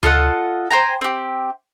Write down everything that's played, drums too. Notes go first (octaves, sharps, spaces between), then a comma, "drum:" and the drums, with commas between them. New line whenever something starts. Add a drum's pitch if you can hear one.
F4 A4 D#5 F#5, drum: tom D2
C5 G5 G#5 A#5
C4 G4